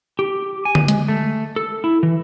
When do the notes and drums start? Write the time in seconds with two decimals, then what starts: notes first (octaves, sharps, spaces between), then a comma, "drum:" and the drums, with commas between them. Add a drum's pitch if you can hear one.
0.19 G4
0.65 G#5
0.75 drum: tom D3
0.88 G#3, drum: hi-hat
1.08 A3
1.56 A4
1.84 E4
2.03 E3